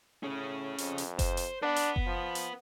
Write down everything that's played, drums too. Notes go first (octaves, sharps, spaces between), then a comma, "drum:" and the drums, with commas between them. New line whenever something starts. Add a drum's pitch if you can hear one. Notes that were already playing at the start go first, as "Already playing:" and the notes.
A2 C#4 G#4
F2, drum: hi-hat
drum: hi-hat
C5, drum: kick F#1, hi-hat
drum: hi-hat
D4 B4 F#5
drum: hi-hat
drum: kick F#1
F3
drum: hi-hat